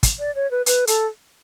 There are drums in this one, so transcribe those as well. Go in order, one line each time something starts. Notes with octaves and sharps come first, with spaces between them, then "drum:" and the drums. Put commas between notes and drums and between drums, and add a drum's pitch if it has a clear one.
drum: kick, hi-hat
D5
C#5
B4
B4, drum: hi-hat
A4, drum: hi-hat